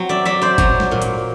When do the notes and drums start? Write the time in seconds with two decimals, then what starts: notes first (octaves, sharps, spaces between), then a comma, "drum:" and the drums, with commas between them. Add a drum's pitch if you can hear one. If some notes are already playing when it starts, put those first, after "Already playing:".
Already playing: F#3 C4
0.09 D5 E5
0.25 F#3 D5 E5
0.42 C5 D5
0.58 F#3, drum: kick, hi-hat
0.80 drum: snare
0.91 A#2
1.02 drum: hi-hat